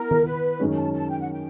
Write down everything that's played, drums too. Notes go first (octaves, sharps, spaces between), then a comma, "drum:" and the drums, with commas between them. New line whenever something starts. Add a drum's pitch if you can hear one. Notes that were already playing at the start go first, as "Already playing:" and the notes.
Already playing: B3 E4 A#4
drum: tom D#3
B4
F#2 D#3 G#3 C#4
A5
A5
G5
F#5
G5